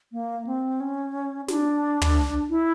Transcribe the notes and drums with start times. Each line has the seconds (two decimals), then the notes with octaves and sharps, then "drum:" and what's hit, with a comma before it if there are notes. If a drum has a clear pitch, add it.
0.12 A#3
0.47 C4
0.80 C#4
1.48 D4, drum: snare
2.02 drum: tom
2.50 E4